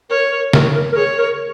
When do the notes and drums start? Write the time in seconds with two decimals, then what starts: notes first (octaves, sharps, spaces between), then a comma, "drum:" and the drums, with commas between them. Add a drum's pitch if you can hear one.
0.10 A#4 C#5
0.32 A#4
0.53 A#4, drum: snare
0.75 A#4
0.92 A#4
0.96 G#4 C#5
1.18 A#4